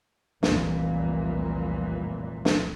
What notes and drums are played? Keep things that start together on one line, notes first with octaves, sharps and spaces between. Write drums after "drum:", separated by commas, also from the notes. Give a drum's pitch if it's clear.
F1 C2 A#2 E3 A#3, drum: snare
drum: snare